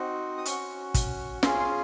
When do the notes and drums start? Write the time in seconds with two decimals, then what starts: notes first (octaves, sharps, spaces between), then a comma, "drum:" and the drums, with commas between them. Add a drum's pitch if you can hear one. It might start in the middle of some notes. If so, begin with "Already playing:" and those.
Already playing: C4 D#4 F#4
0.38 D#6
0.46 C#4 C#6, drum: hi-hat
0.51 F#4
0.94 drum: kick, hi-hat
1.43 C#4 F4 G#4 C6, drum: snare
1.59 C6